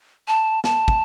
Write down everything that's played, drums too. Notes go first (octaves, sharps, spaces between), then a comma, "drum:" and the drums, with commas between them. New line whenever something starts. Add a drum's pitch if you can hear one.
A5
A5, drum: snare
drum: kick